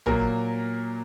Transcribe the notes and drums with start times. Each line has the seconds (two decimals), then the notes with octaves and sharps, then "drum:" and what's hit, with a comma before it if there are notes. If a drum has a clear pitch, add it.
0.06 A#2 F#3 A#3 A#4, drum: tom A1